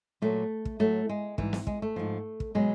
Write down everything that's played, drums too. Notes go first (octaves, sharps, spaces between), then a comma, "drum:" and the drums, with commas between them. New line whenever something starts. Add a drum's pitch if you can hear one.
A#2 F#3 A3
drum: kick
A2 F#3 A3
G#3
G#2 E3 G3, drum: kick
drum: snare
G#3, drum: kick
A3
G#2 F3
drum: kick
B2 F#3 G#3